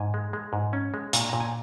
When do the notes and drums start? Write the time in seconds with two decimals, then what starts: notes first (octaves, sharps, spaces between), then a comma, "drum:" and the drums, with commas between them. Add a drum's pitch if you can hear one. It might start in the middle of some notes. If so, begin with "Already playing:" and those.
Already playing: G#2 G#5
0.14 G#3
0.33 G#3
0.53 G#2
0.73 C#4
0.94 G#3
1.13 A#2, drum: hi-hat
1.29 A#2 A#5
1.40 G#5